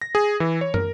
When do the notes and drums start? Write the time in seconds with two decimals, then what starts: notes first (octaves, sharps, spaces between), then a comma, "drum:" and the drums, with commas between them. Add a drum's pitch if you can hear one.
0.02 A#6
0.15 G#4
0.40 E3
0.61 C#5
0.74 A#4, drum: tom